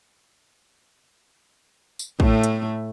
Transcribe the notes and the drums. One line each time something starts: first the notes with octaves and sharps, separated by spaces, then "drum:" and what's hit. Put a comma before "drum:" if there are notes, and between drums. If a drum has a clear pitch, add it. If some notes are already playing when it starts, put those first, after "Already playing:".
drum: tambourine
A2 A3, drum: kick
drum: hi-hat